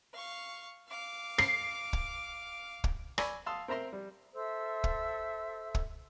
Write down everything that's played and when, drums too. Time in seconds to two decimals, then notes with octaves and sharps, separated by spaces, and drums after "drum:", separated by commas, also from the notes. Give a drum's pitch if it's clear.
0.13 F5 C#6
0.89 F5 D6
1.38 C7, drum: rim click
1.93 drum: kick
2.84 drum: kick
3.18 D5 G#5 B5 C#6 E6, drum: rim click
3.46 F5 A5 C6 D#6 E6
3.68 C4 A#4 E5 A#5 C6
3.93 G3
4.34 A4 C5 E5 E6
4.84 drum: kick
5.75 drum: kick